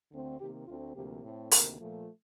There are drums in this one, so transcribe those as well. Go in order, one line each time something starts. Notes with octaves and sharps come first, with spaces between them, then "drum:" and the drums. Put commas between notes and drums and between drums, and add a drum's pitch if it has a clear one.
D2 D3 A3 C4
C3 D#3 A#3 G4
D2 D3 A3 C4 F4
D2 C3 F3 A#3 G4
A2 A3 C4
D2 C3 D#3 A#3 A#4, drum: open hi-hat
A#2 F3 A3